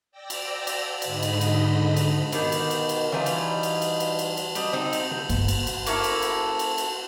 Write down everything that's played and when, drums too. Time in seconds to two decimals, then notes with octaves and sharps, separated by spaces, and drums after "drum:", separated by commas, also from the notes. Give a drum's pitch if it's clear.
0.11 D5 G5 E6 A#6
0.30 drum: cymbal
0.67 drum: cymbal
1.02 G#2 D3 D#5 B5, drum: cymbal
1.23 drum: cymbal
1.41 drum: cymbal
1.97 drum: cymbal
2.32 B2 D#3 G4, drum: cymbal
2.52 drum: cymbal
2.71 drum: cymbal
2.89 drum: cymbal
3.12 E3 G3 D#4 F4
3.26 drum: cymbal
3.63 drum: cymbal
3.82 drum: cymbal
4.00 drum: cymbal
4.19 drum: cymbal
4.37 drum: cymbal
4.55 G3 D#5, drum: cymbal
4.73 C4 D#4
4.93 drum: cymbal
5.11 drum: tom B2
5.29 G1, drum: cymbal
5.48 drum: cymbal
5.67 drum: cymbal
5.86 A#3 C#4 E4 A4, drum: cymbal
6.04 drum: cymbal
6.22 drum: cymbal
6.59 drum: cymbal
6.78 drum: cymbal